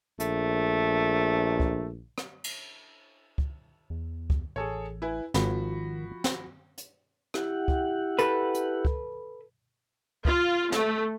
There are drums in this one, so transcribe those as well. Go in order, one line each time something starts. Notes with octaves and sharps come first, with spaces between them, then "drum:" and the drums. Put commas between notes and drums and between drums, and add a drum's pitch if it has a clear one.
A#1 A3, drum: hi-hat
drum: kick
drum: rim click
drum: cymbal
drum: kick
E2
drum: kick
A1 G#4 A4 C#5
E4 B4 G#5
G#1 D#3 F3 F#4 B5, drum: snare
drum: snare
drum: hi-hat
E4 G4 F#5, drum: rim click
drum: kick
A4 B4, drum: hi-hat
drum: hi-hat
drum: kick
F4, drum: kick
A3, drum: snare